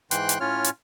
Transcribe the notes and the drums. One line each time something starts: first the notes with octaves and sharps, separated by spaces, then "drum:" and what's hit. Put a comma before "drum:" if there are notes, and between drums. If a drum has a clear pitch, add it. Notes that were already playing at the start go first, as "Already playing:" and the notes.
G#2 E3 G5 C6 F#6, drum: hi-hat
drum: hi-hat
A2 C#4 F4 C#5 F6
drum: hi-hat